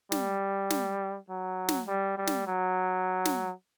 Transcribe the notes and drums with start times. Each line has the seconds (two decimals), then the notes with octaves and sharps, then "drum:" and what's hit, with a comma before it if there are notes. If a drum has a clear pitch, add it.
0.12 G3, drum: snare
0.70 drum: snare
1.29 F#3
1.69 drum: snare
1.88 G3
2.18 G3
2.27 drum: snare
2.47 F#3
3.25 drum: snare